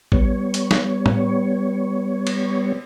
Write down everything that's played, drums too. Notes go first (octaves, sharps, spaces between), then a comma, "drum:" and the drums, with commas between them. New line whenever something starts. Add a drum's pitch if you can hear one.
G3 B3 C#5, drum: kick A1
drum: hi-hat
drum: snare
drum: tom
drum: cymbal